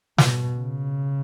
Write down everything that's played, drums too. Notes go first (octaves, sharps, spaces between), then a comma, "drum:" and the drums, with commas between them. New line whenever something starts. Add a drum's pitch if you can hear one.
B2, drum: snare
C#3